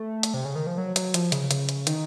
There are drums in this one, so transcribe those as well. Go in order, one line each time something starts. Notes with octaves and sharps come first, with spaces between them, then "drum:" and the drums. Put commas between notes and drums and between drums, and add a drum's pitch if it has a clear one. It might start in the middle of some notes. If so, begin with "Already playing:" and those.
Already playing: A3
drum: hi-hat
C3
C#3
D#3
F3
F#3
F#3, drum: hi-hat
F3, drum: hi-hat
C#3, drum: hi-hat
C#3, drum: hi-hat
drum: hi-hat
D#3, drum: hi-hat